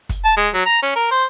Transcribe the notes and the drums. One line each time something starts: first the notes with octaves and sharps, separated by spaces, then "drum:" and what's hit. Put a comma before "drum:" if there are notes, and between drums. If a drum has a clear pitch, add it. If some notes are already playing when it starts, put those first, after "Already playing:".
drum: kick, hi-hat
A5
G#3
F#3
A#5
C#4, drum: hi-hat
A#4
C5